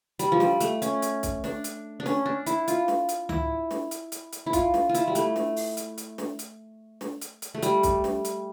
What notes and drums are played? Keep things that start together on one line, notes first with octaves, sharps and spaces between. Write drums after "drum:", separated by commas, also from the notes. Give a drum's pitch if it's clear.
G3, drum: hi-hat
F3
G3, drum: snare
A3, drum: hi-hat
C#4, drum: hi-hat
drum: hi-hat
drum: kick C2, hi-hat
D4, drum: snare
drum: hi-hat
D4
C#4, drum: snare
D4
E4, drum: hi-hat
F4, drum: hi-hat
drum: snare
drum: hi-hat
E4, drum: tom C#2
drum: snare
drum: hi-hat
drum: hi-hat
drum: hi-hat
E4
F4, drum: kick C2, hi-hat
drum: snare
F4
E4, drum: hi-hat
G3
A3, drum: hi-hat
drum: snare
drum: open hi-hat
drum: hi-hat
drum: hi-hat
drum: snare
drum: hi-hat
drum: snare
drum: hi-hat
drum: hi-hat
A3
G3, drum: hi-hat
drum: kick C2, hi-hat
drum: snare
drum: hi-hat